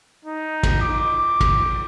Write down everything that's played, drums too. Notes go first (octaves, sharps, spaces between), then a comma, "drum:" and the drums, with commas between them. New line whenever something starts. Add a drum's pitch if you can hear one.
D#4
drum: kick, cymbal
D6
drum: kick, cymbal